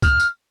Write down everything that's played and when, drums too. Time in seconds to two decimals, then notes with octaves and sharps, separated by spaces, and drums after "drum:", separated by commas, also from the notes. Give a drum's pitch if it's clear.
0.02 F6, drum: kick, tambourine
0.20 drum: tambourine